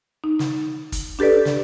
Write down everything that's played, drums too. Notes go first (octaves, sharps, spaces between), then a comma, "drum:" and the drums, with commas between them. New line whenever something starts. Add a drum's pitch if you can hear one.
D#4
drum: snare
drum: kick, hi-hat
D4 G4 A4 B4 D5
drum: snare